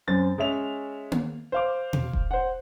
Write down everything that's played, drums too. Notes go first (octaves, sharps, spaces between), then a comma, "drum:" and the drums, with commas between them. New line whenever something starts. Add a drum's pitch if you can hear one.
F#2 C4 A6
G#3 C#4 E5 F7
drum: tom A#3
C5 F5 D6
drum: tom B2
drum: kick E1
C5 F#5